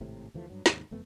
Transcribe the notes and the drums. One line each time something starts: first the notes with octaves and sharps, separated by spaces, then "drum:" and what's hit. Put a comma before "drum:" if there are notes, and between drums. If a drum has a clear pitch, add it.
G#1 A2 C3
D2 E3 F3 A3
G2 F#3
D#2 G#2 C3, drum: snare
F#1 F2 A3 B3